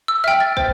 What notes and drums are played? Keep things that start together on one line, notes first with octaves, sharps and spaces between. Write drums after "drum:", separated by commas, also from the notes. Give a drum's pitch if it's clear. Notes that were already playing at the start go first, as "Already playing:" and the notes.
E6
E5 G5 F6
A6
C5, drum: kick